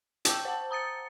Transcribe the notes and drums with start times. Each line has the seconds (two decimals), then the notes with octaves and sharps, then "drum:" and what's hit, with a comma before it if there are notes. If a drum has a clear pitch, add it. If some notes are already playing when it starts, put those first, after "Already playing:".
0.25 G5 A5 C#6 D6 E6 G6, drum: hi-hat
0.45 C5 A5
0.71 A#5 D#6 A6 C#7